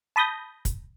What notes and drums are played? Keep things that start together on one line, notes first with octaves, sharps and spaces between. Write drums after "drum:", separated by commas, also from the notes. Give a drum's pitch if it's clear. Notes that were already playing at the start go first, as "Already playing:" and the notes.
A5 B5 D#6 G6 A#6
drum: kick, hi-hat